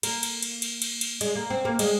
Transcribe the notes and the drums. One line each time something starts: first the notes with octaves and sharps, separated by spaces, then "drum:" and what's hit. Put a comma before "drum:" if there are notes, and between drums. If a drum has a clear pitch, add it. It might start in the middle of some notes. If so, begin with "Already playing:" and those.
A#3, drum: cymbal
drum: cymbal
drum: cymbal
drum: cymbal
drum: cymbal
drum: cymbal
G#3, drum: cymbal
A#3
C4
A#3
G#3, drum: cymbal